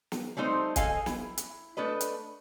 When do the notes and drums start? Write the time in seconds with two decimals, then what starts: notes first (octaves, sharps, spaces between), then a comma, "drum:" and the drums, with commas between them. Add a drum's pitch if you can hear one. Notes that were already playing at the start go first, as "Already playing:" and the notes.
0.12 drum: snare
0.37 G3 A3 C4 D#4 C5
0.76 G#4 A4 D#5 F5 G#5, drum: kick, hi-hat
1.06 E4, drum: snare
1.38 drum: hi-hat
1.77 A3 D4 A4 B4 D#5
2.01 drum: hi-hat